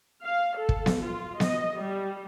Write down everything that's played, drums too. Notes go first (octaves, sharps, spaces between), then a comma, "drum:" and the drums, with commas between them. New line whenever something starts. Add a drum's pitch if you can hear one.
F5
A4
drum: kick
drum: snare B3
F4
D#5, drum: snare B3
G3